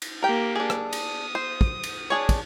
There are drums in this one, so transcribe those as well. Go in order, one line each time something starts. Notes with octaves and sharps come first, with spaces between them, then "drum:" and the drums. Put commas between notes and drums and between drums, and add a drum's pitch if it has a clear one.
drum: cymbal
A#3 G4 A#4 G5
D4 G#4
drum: rim click
D#6, drum: cymbal
C5
drum: kick
drum: cymbal
D4 G#4 C#5
drum: kick, cymbal